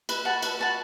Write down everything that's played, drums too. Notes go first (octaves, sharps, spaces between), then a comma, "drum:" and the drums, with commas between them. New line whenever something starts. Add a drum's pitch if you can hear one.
B4, drum: cymbal
F#5 A5 C#6
B4, drum: cymbal
F#5 A5 C#6